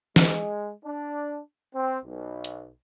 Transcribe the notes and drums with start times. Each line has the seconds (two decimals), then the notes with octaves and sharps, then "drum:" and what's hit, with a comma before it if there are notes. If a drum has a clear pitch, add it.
0.16 G#3, drum: snare
0.84 D4
1.74 C4
2.04 B1
2.44 drum: hi-hat